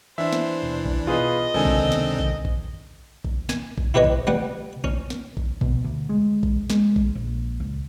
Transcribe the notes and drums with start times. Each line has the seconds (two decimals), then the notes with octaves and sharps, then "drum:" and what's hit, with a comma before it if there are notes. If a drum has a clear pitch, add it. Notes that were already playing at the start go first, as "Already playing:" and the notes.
0.18 E3 D4 C5 E5
0.33 drum: snare
0.63 D#2 B2
0.86 drum: kick A#1
1.07 B2 F4 G#4 B4 D#5
1.54 C#2 C3 D#3 C4 D4 D#4 A4 G#5
1.65 drum: kick A#1
1.92 drum: snare
2.18 drum: kick A#1
2.45 drum: kick A#1
3.25 drum: kick A#1
3.49 G#5, drum: snare
3.78 drum: kick A#1
3.94 E4 G4 B4 C#5 D#5
4.04 drum: kick A#1
4.27 G3 B3 F#5
4.84 C#4, drum: kick A#1
5.10 drum: snare
5.37 drum: kick A#1
5.61 B2, drum: kick A#1
5.84 D2
6.09 G#3
6.43 drum: kick A#1
6.70 G#3, drum: snare
6.96 drum: kick A#1
7.15 A#1
7.60 C#2